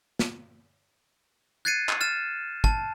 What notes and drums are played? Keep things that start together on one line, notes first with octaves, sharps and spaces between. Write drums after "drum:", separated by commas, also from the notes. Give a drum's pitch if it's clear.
drum: snare
F#6 G#6 A6 C7 C#7 D#7
drum: clap
F6 A6 E7
A5, drum: kick